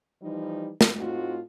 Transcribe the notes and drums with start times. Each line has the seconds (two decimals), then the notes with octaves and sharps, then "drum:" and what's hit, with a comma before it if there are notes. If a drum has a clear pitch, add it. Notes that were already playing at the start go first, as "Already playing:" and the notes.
0.21 E3 F3 G3 D#4
0.81 drum: snare
0.98 A2 C4 D#4 F4 F#4